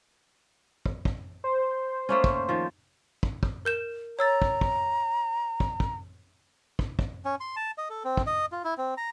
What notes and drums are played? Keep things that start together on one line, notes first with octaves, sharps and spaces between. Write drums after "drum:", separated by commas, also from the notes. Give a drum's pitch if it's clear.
drum: kick
drum: kick
C5
A3 A#3 C#4
drum: kick
D#3 F3
drum: kick
drum: kick
A#4 G6 E7
C#5 A#5 E6 A6
drum: kick
drum: kick
drum: kick
drum: kick
drum: kick
drum: kick
C#4
C6
A5
D#5
A4
C4
drum: kick
D#5
F4
E4
C4
A#5